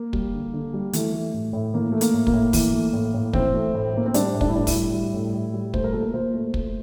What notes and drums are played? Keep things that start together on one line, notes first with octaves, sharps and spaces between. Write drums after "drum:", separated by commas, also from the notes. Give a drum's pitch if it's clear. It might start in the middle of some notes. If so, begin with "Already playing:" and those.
Already playing: A#3
G3, drum: kick
D3
D3
G3
E3 A3, drum: hi-hat
A3
A2
A2
E3 A#3
A3
A#3, drum: hi-hat
A2
A#3, drum: kick
A2
E3, drum: kick, open hi-hat
A3
A2
A2
E3 C4, drum: kick
A3
A2
A2 A#3
C4
G3 D4, drum: hi-hat
A2
D4, drum: kick
E4
A2 D4
E4, drum: kick, open hi-hat
G3
G3
A2
A2
G3
A3 C5, drum: kick
A#4
A#2 A4
A#4
A#2 C5
A3
A3, drum: kick